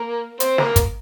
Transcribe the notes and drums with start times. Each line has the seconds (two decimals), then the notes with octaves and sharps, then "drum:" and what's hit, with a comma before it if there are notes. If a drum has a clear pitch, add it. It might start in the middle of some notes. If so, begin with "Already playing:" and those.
Already playing: A#3 A#4
0.40 C4 C5, drum: hi-hat
0.58 A#3 A#4, drum: snare
0.76 drum: kick, hi-hat